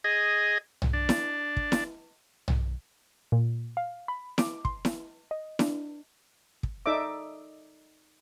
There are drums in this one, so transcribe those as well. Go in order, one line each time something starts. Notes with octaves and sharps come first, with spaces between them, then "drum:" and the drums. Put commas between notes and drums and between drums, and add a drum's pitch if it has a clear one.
G#4 D#5
drum: tom
D4
drum: snare E4
drum: kick
drum: snare E4
drum: tom
A#2
F5
B5
D6, drum: snare E4
C6, drum: kick
drum: snare E4
D#5
D4, drum: snare E4
drum: kick
D#4 A4 D5 E5 D6